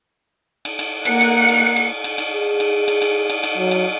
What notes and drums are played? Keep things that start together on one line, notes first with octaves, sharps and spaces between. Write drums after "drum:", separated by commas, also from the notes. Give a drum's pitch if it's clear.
drum: cymbal
drum: cymbal
A#3 F#5 C#7, drum: cymbal
drum: cymbal
drum: cymbal
drum: cymbal
drum: cymbal
drum: cymbal
G#4
drum: cymbal
drum: cymbal
drum: cymbal
drum: cymbal
drum: cymbal
F#3
drum: cymbal